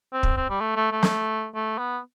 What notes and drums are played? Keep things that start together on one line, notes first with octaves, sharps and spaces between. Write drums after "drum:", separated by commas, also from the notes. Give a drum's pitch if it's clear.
C4
drum: kick
C4
G3
A3
A3
A3
drum: snare
A3
B3